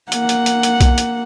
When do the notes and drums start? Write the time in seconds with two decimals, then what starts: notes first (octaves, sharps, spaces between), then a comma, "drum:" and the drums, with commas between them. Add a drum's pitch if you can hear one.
0.12 A#3 F#5, drum: hi-hat
0.29 drum: hi-hat
0.46 drum: hi-hat
0.63 drum: hi-hat
0.81 drum: kick B1, hi-hat
0.98 drum: hi-hat